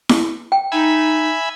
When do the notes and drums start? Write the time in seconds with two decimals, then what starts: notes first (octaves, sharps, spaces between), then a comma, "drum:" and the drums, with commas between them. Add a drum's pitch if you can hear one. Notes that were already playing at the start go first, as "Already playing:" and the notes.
0.09 drum: snare E4
0.52 G5
0.72 D#4 E5 G#5 B5